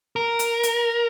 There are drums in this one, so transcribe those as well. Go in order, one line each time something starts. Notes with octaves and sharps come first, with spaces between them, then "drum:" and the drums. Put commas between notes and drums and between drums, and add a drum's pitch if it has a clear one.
A#4
drum: hi-hat
drum: hi-hat